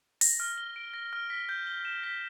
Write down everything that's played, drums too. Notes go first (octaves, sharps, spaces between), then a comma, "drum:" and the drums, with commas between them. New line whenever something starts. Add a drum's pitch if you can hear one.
A#6, drum: open hi-hat
F6
G7
D7
A#6
F6
B6
G6
G7
E7
B6